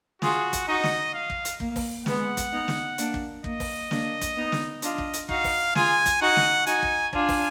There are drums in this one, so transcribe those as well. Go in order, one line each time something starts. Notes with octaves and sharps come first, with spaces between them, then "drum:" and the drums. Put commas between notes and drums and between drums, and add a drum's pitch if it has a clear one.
F4 F#4 G#4, drum: snare
drum: kick, hi-hat
D#4 F#4 D#5
drum: snare
F5
drum: kick
drum: hi-hat
A#3, drum: kick
drum: kick, open hi-hat
G#3 B3 F#5, drum: snare
drum: kick, hi-hat
B3 D#4
drum: snare
A#3 D4, drum: hi-hat
drum: kick
A#3 D#5, drum: kick
drum: kick, open hi-hat
A#3 D4, drum: snare
drum: kick, hi-hat
B3 D#4
drum: snare
D4 F4 D#5, drum: hi-hat
drum: kick
drum: hi-hat
D#4 F#4 F5, drum: kick
drum: kick, open hi-hat
F4 G#4 G#5, drum: snare
drum: kick, hi-hat
D#4 F#4 F#5
drum: snare
D#4 F#4 G#5, drum: hi-hat
drum: kick
D4 F4 G#5, drum: kick
drum: kick, open hi-hat